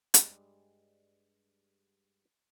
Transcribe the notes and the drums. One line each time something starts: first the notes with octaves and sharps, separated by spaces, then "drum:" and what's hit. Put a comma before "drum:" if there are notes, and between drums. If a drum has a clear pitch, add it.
G2 G3 G#3, drum: hi-hat